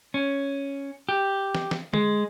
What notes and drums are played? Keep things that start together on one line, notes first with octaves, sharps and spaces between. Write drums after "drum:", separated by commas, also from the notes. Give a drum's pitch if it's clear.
C#4
G4
drum: snare
drum: snare
G#3, drum: tom